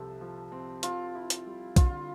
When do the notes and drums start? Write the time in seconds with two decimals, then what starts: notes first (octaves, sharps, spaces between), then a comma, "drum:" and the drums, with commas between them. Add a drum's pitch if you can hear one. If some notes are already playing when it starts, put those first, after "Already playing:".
Already playing: C2 C3 F3 C4 A4
0.21 F3
0.52 C4
0.83 C4 F4, drum: hi-hat
1.15 E4
1.30 drum: hi-hat
1.46 G3
1.76 D3 F4, drum: kick B1, hi-hat